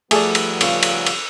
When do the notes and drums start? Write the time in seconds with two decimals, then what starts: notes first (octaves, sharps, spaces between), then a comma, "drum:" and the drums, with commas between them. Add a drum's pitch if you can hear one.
0.11 F3 G3 A3 B3 G#4 D5, drum: cymbal
0.35 drum: cymbal
0.61 C#3 F4, drum: cymbal
0.83 drum: cymbal
1.06 drum: cymbal